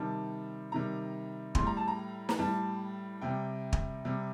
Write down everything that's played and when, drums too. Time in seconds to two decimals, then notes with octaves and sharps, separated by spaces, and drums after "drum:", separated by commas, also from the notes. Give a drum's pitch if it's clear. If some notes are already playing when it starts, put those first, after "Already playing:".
Already playing: C3 D#3 G3 A5
0.72 C3 D#3 G3 A#5
1.55 A2 G3 C6, drum: kick
1.67 A#5
1.77 A5
1.88 A#5
2.29 A#5, drum: snare
2.39 A2 G3 A5
3.21 C3 G3 G5
3.73 drum: kick
4.05 C3 G3